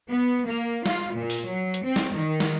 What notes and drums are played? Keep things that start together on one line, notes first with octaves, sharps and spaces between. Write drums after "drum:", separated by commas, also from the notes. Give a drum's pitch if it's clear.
B3
A#3
F4, drum: snare
A#2
drum: open hi-hat
F#3
drum: hi-hat
C4
drum: snare
D#3
drum: snare